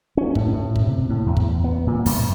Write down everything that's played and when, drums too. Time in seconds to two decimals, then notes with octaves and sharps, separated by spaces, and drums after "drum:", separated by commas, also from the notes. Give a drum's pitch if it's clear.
0.17 C#4
0.35 A2, drum: kick
0.53 A2
0.76 drum: kick
0.87 C3
1.09 A2
1.26 E2
1.37 drum: kick
1.64 B3
1.87 A#2
2.06 F#2, drum: open hi-hat